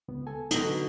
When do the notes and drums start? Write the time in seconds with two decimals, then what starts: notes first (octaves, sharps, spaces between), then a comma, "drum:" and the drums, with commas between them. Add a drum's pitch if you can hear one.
0.08 C#2 B3
0.27 A4 G#5 A5
0.51 D3 F#3 B3 D#4, drum: hi-hat
0.63 F#4 B4